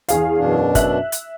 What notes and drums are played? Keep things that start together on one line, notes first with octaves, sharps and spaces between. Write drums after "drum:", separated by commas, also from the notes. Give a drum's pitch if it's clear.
E2 G#4 F5, drum: hi-hat
F#2 B2 D4
E5 F#6 F#7, drum: kick, hi-hat
drum: hi-hat